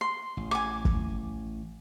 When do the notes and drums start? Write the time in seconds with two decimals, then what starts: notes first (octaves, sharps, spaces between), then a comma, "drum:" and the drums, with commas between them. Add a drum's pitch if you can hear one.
0.01 C6
0.37 A1
0.51 G#5 D6
0.85 drum: kick